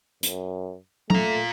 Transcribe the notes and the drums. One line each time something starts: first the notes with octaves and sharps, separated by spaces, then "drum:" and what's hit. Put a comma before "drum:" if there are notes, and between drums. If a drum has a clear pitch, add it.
F#2, drum: hi-hat
A3 F4 A#5, drum: tom F#3